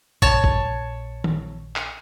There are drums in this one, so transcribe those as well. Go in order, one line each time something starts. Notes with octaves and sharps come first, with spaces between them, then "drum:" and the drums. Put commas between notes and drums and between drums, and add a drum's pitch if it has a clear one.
A#1 A#2 C#5 A5, drum: kick
drum: kick
drum: tom D#3
drum: clap